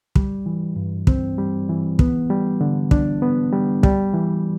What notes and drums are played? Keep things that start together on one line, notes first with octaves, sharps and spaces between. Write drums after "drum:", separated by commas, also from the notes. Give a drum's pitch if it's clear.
G3, drum: kick
E3
G2
C4, drum: kick
G3
E3
B3, drum: kick
G3
D3
D4, drum: kick
B3
G3
G3, drum: kick
E3